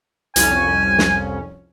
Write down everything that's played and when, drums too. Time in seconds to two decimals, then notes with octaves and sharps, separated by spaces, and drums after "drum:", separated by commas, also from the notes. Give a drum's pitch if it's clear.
0.36 C2 F2 C#4 G#5, drum: hi-hat
0.99 drum: snare